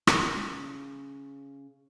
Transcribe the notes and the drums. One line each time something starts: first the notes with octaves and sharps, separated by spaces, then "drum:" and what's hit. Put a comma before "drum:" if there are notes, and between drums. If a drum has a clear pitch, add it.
C#3 C#4, drum: rim click